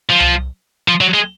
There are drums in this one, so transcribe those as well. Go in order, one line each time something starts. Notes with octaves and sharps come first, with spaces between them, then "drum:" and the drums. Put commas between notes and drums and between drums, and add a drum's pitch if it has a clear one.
F3
drum: tom C2
F3
F#3
G#3